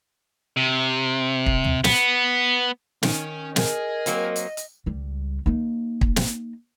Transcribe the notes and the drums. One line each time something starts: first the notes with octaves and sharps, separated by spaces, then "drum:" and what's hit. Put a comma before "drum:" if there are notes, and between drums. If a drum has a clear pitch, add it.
C3
drum: kick
drum: tom
B3, drum: snare
D#3 C#4, drum: snare
G#4 A#4 D#5, drum: snare
F#3 A#3 C4, drum: hi-hat
drum: hi-hat
drum: hi-hat
C#2 G3
A#3 D#4
drum: kick
drum: snare